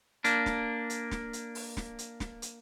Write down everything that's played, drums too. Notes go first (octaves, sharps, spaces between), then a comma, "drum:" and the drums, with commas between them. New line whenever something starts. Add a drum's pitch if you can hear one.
A#3 D4, drum: hi-hat
drum: snare
drum: hi-hat
drum: snare
drum: hi-hat
drum: open hi-hat
drum: snare
drum: hi-hat
drum: snare
drum: hi-hat